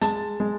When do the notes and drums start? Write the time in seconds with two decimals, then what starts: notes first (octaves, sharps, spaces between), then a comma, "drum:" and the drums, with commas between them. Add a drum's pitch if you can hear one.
0.01 G#3 A5, drum: hi-hat
0.40 G#3